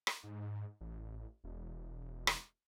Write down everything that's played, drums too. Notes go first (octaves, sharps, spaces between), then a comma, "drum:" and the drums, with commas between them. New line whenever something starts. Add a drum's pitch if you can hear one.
drum: rim click
G#2
A1
E1
drum: rim click